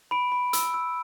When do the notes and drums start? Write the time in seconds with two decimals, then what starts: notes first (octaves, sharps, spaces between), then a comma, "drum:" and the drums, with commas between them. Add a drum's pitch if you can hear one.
0.11 B5 D7
0.32 B5
0.53 E6, drum: hi-hat
0.74 E6